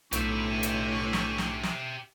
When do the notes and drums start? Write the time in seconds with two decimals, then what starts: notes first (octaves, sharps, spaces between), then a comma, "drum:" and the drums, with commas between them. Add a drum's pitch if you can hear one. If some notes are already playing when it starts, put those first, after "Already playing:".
0.12 B1 A2 D3 G4 E5 G#5 C#6, drum: hi-hat
0.63 drum: hi-hat
1.13 drum: snare
1.38 drum: snare
1.63 drum: snare